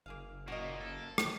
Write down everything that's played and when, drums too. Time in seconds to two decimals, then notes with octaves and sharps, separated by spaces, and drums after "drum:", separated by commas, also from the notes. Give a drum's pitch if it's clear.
0.06 F#1 A#3 G#4 F5
0.48 F#2 A#2 A#3 F#4 C#5 D#5
0.80 A4
1.18 drum: rim click